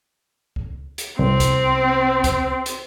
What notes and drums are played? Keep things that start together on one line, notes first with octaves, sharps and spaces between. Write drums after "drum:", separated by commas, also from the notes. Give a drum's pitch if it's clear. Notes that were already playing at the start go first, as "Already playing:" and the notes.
drum: kick C#2
drum: hi-hat
C2 C4
drum: kick C#2, hi-hat
drum: kick C#2, hi-hat
drum: hi-hat